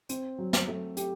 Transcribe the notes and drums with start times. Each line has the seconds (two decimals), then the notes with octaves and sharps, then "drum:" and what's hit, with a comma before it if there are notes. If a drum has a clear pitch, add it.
0.09 C4, drum: hi-hat
0.38 F#3
0.53 drum: snare
0.68 A3
0.97 G4, drum: hi-hat